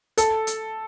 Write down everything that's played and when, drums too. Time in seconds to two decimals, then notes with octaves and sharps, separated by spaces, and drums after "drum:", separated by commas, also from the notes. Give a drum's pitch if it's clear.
0.17 A4, drum: hi-hat
0.47 drum: hi-hat